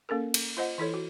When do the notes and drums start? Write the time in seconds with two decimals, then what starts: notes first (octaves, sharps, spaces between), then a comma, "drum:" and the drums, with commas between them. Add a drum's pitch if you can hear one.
0.09 A#3 C#4 A4 A#4
0.34 drum: cymbal
0.57 F4 C5 D#5 F#5
0.78 E3 E4 A4 C#5
0.94 F#4